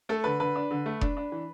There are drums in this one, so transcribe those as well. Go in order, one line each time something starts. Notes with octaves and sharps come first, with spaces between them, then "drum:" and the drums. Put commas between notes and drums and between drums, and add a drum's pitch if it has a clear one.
A3 A4
D3 B4
D3 B4
D4
D3
A3
D4, drum: kick F1
D4
E3